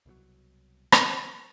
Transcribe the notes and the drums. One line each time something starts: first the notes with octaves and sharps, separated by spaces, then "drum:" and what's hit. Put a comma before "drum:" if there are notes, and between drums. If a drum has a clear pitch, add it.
C2 B2 E3 F#3
C3 F#3, drum: rim click